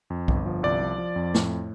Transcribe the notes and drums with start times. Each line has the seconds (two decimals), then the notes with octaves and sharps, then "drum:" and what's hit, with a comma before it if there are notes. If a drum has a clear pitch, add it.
0.10 F2
0.28 G1, drum: kick B1
0.46 F3
0.63 C2 D5
0.82 F3
0.98 F3
1.16 F2
1.34 A2, drum: snare